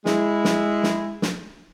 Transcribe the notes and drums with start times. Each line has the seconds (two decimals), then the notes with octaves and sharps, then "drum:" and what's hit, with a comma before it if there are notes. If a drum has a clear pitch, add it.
0.06 G#3 E4, drum: snare
0.45 drum: snare
0.83 drum: snare
1.22 drum: snare